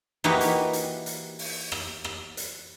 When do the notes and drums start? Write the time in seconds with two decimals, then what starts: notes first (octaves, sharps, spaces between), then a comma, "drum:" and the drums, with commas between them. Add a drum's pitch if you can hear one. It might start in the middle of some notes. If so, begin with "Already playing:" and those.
0.24 E3 A#3 D#4 F#4 G4 B4, drum: rim click
0.40 drum: hi-hat
0.73 drum: hi-hat
1.06 drum: hi-hat
1.39 drum: open hi-hat
1.72 drum: rim click
2.04 drum: rim click
2.37 drum: hi-hat